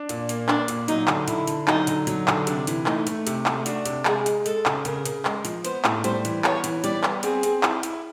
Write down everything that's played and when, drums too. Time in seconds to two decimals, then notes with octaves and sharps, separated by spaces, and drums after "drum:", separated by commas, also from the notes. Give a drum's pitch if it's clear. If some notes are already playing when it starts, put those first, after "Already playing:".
Already playing: D4
0.09 A#2, drum: hi-hat
0.29 A#3, drum: hi-hat
0.49 A#3 D4, drum: clap
0.68 A#2, drum: hi-hat
0.88 F#3 D#4, drum: hi-hat
1.08 D3, drum: clap
1.28 D3 E4, drum: hi-hat
1.47 D3, drum: hi-hat
1.68 F#3 D#4, drum: clap
1.87 D3, drum: hi-hat
2.07 F#3, drum: hi-hat
2.28 D3, drum: clap
2.47 C3 D4, drum: hi-hat
2.67 E3, drum: hi-hat
2.86 A3 D#4, drum: clap
3.07 A3, drum: hi-hat
3.27 C3, drum: hi-hat
3.46 A3, drum: clap
3.66 D4 F#4, drum: hi-hat
3.85 C3, drum: hi-hat
4.05 G#3 G#4, drum: clap
4.26 G#3, drum: hi-hat
4.46 G#3 A4, drum: hi-hat
4.66 C#3, drum: clap
4.85 C#3 A#4, drum: hi-hat
5.06 C#3, drum: hi-hat
5.25 G#3, drum: clap
5.45 F3, drum: hi-hat
5.65 B3 C5, drum: hi-hat
5.84 A2, drum: clap
6.04 G3 C5, drum: hi-hat
6.25 E3, drum: hi-hat
6.44 B3 C#5, drum: clap
6.64 E3, drum: hi-hat
6.84 G3 D5, drum: hi-hat
7.03 B3, drum: clap
7.23 C4 G#4, drum: hi-hat
7.43 C4, drum: hi-hat
7.63 E4, drum: clap
7.83 E4, drum: hi-hat